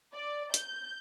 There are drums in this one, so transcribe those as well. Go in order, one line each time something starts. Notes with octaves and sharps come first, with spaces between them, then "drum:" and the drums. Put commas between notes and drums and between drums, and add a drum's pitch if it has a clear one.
D5
G6, drum: hi-hat